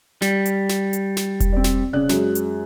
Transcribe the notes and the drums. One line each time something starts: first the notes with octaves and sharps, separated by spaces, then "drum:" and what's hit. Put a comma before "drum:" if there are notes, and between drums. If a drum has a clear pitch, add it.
G3, drum: snare
drum: hi-hat
drum: snare
drum: hi-hat
drum: snare
drum: kick E1, hi-hat
C4 D5
drum: snare
C#3 D5 F#6
F#2 G#3, drum: snare
drum: hi-hat